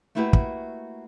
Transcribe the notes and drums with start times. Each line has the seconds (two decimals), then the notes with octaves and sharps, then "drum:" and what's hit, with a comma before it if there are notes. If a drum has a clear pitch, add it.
0.15 A3 A#3 E4 F#4 G4 B4
0.33 drum: kick